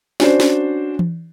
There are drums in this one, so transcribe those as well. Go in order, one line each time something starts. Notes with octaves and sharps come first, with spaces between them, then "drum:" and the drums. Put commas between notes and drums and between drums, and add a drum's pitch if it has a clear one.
C#4 D4 F#4 C5 D5, drum: snare
drum: snare
drum: tom E3